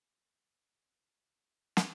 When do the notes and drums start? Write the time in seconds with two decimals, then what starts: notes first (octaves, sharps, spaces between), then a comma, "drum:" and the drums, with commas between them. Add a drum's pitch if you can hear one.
0.01 A3
0.15 B3
0.28 C4
0.41 B3
0.54 B3
0.67 A3
0.80 F3
0.94 G#3
1.06 B3
1.77 drum: snare